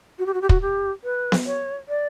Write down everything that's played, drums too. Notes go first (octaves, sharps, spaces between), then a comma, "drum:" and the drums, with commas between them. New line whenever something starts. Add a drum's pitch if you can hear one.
F#4
G4
F#4
G4
F#4, drum: kick
G4
B4
drum: snare B3
C#5
D5